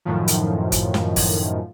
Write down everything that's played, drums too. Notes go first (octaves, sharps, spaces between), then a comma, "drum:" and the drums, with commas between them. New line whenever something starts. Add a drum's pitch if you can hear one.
F#2 A2 D#3 F3
drum: hi-hat
drum: kick G1, hi-hat
drum: snare
drum: kick G1, open hi-hat